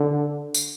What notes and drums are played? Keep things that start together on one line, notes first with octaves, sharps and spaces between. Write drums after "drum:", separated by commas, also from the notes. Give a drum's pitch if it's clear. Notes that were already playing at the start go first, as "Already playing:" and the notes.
Already playing: D3
drum: tambourine